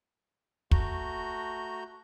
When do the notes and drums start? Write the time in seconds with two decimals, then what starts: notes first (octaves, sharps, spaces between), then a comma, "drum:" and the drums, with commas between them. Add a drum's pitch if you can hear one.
0.71 A3 F#4 A#5 G6, drum: kick